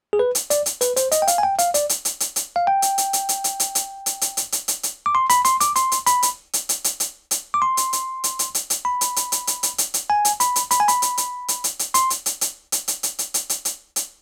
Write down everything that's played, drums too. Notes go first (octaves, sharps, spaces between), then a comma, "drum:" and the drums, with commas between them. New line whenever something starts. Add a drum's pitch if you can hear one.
G#4
B4
drum: hi-hat
D5, drum: hi-hat
drum: hi-hat
B4, drum: hi-hat
C5, drum: hi-hat
D#5, drum: hi-hat
G5
F5, drum: hi-hat
G#5
G5
F5, drum: hi-hat
D5, drum: hi-hat
drum: hi-hat
drum: hi-hat
drum: hi-hat
drum: hi-hat
F5
G5
drum: hi-hat
drum: hi-hat
drum: hi-hat
drum: hi-hat
drum: hi-hat
drum: hi-hat
drum: hi-hat
drum: hi-hat
drum: hi-hat
drum: hi-hat
drum: hi-hat
drum: hi-hat
drum: hi-hat
D6
C6
B5, drum: hi-hat
C6, drum: hi-hat
D6, drum: hi-hat
C6, drum: hi-hat
drum: hi-hat
B5, drum: hi-hat
drum: hi-hat
drum: hi-hat
drum: hi-hat
drum: hi-hat
drum: hi-hat
drum: hi-hat
D6
C6
drum: hi-hat
drum: hi-hat
drum: hi-hat
drum: hi-hat
drum: hi-hat
drum: hi-hat
B5
drum: hi-hat
drum: hi-hat
drum: hi-hat
drum: hi-hat
drum: hi-hat
drum: hi-hat
drum: hi-hat
G#5
drum: hi-hat
B5, drum: hi-hat
drum: hi-hat
B5, drum: hi-hat
G#5
B5, drum: hi-hat
drum: hi-hat
drum: hi-hat
drum: hi-hat
drum: hi-hat
drum: hi-hat
C6, drum: hi-hat
drum: hi-hat
drum: hi-hat
drum: hi-hat
drum: hi-hat
drum: hi-hat
drum: hi-hat
drum: hi-hat
drum: hi-hat
drum: hi-hat
drum: hi-hat
drum: hi-hat